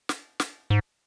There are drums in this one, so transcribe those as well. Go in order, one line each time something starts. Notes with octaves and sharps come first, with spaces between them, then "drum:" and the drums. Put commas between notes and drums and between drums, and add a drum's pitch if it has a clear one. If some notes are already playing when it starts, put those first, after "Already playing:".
drum: snare
drum: snare
G#2